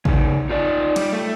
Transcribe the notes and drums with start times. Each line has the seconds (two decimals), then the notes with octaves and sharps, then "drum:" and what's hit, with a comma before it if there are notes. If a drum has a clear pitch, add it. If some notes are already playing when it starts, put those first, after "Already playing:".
0.05 C#3 D#4, drum: kick A1
0.49 D#4 F4 D5
0.96 G3, drum: cymbal
1.12 A3